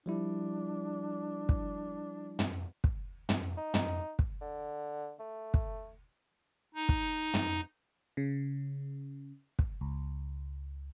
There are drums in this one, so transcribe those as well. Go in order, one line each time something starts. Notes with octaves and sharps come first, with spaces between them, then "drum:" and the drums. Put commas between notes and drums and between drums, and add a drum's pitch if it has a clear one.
F3 G3 D4 E4
drum: kick
drum: tom
drum: kick
drum: tom
D#4
drum: tom
drum: kick
D3
A3
drum: kick
D#4
drum: kick
drum: tom
C#3
drum: kick
C#2